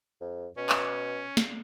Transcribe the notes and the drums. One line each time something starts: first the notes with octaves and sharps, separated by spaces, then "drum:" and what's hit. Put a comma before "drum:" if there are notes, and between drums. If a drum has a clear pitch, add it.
F2
B2 C#4
drum: clap
drum: snare